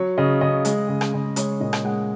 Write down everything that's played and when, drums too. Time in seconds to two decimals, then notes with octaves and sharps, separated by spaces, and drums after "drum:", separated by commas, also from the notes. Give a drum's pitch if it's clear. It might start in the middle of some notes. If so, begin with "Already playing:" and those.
Already playing: F#3 C#5
0.18 C#3 D#5
0.41 C#3 D#5
0.65 G#3, drum: hi-hat
0.88 C#3
1.01 drum: rim click
1.13 C#3
1.36 G#3 C#5, drum: hi-hat
1.60 A#2 D#5
1.73 drum: rim click
1.84 G#3 F#5